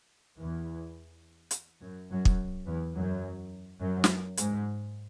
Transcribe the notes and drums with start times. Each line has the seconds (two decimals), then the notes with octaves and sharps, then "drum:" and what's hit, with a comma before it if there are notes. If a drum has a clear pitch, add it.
0.39 E2 E3
1.51 drum: hi-hat
1.81 F#2 F#3
2.10 F#2 F#3
2.25 drum: kick
2.67 E2 E3
2.95 F#2 F#3
3.80 F#2 F#3
4.04 drum: snare
4.37 G#2 G#3, drum: hi-hat